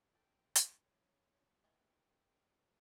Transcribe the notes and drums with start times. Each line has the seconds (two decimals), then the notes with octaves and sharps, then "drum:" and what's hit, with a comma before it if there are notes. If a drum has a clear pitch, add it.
0.15 A4 G5
0.55 drum: hi-hat
0.83 C#5
1.64 D#3 E3 B3 G5